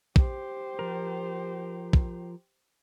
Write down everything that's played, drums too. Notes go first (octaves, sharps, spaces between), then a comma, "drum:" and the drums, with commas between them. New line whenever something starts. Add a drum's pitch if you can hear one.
G4 C5, drum: kick
F3 A#4
drum: kick